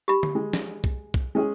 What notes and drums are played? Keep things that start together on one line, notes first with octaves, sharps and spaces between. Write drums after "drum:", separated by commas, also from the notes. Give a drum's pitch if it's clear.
G4 B5
drum: tom D3
G#3
drum: snare
drum: kick B1
drum: kick B1
G#3 C#4 G#4